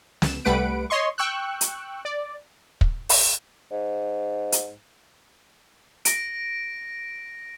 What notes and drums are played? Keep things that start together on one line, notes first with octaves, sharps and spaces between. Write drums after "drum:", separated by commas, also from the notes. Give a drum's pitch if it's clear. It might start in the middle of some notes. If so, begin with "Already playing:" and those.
C#2 E7, drum: snare
C2 G3 A3 B4 F#5 D7
C#5 D#5 C6 C#6
G5 C#6 E6 F#6
drum: hi-hat
D5
drum: kick
drum: open hi-hat
G#2
drum: hi-hat
A#6 D7, drum: hi-hat